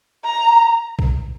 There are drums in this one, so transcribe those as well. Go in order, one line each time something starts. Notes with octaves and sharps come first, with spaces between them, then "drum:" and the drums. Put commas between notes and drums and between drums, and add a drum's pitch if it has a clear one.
A#5
drum: kick B1